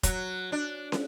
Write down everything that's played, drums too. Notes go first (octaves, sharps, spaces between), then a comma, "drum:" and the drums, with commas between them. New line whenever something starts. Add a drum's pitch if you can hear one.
F#3, drum: kick F1, hi-hat
D4
drum: snare